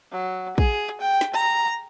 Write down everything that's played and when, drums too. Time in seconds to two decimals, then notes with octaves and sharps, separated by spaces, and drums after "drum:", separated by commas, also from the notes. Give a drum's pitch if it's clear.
0.12 F#3
0.58 G#4, drum: kick
1.01 G5
1.21 drum: snare
1.34 A#5